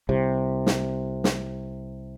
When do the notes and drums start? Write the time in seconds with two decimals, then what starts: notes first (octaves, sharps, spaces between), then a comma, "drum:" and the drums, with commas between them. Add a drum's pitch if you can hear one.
0.09 C2 C3
0.66 drum: snare
1.24 drum: snare